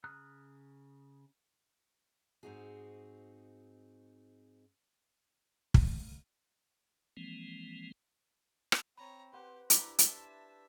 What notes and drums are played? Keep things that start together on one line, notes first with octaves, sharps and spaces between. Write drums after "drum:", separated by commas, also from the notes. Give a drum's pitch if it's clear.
C#3 A#5 D#6 F6 F#6
G#2 C4 C#4 D#4 F#4 G#4
drum: kick
E3 F3 G#3 A#3 C4
drum: rim click
C4 C#5 A#5 B5
G4 B4 C5 F#5
D4 E4 G4 A#5 B5 D6, drum: hi-hat
E5 A5, drum: hi-hat